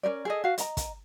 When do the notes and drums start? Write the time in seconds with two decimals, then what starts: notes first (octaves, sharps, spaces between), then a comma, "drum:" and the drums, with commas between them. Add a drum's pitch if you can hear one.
0.03 C#4 D#4 A#4 D5
0.25 G#4 A4 D#5
0.44 F#4 F5
0.58 D#5 A#5, drum: hi-hat
0.77 drum: kick, hi-hat